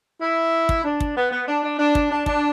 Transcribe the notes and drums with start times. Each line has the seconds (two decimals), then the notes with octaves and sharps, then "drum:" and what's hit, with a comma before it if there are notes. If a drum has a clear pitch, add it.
0.22 E4
0.69 drum: kick
0.84 D4
1.00 drum: kick
1.16 B3
1.32 B3
1.48 D4
1.63 D4
1.79 D4
1.95 drum: kick
2.11 D4
2.26 D4, drum: kick